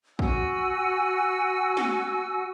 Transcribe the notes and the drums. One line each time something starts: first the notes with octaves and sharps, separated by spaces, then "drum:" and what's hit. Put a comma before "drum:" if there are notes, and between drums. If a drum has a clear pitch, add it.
F#4 F#5 G#5 E6, drum: kick
drum: snare